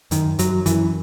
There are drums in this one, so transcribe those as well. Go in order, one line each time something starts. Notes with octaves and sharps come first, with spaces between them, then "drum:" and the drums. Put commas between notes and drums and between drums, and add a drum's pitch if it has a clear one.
F#2 D#3, drum: hi-hat
F#2 F#3, drum: hi-hat
F#2 E3, drum: hi-hat